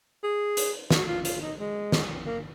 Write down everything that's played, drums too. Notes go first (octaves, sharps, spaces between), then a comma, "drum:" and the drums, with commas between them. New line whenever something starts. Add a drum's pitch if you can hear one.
G#4
drum: hi-hat
F#4, drum: snare
F4
F4, drum: hi-hat
D#4
G#3
drum: snare
A#3